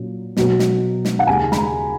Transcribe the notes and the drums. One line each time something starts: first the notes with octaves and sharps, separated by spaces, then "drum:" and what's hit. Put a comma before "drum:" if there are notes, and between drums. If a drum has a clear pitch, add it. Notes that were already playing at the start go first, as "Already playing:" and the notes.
Already playing: A#2 F#3 A#3 C#4
B2 F#3 B3, drum: snare
drum: snare
drum: snare
F#5
D#2 C#3 G#3 G#5
B5, drum: snare
A#5